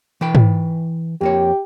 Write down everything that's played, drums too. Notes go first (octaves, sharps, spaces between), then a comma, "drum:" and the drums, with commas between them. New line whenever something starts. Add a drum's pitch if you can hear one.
E3 B4 G5
drum: tom G#2
F2 A#3 G4 C#5